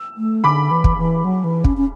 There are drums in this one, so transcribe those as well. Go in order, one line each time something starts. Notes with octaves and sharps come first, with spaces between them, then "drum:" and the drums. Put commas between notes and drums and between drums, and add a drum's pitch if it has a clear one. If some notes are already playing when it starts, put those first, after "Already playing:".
Already playing: E6
A3
D3 B5 D6
E3
drum: kick
E3
F#3
E3
C#4, drum: kick
C#4